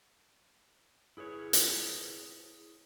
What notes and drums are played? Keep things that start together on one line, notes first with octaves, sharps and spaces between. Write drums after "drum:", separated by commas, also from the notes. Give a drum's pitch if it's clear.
E4 G#4 B4 C#5
drum: hi-hat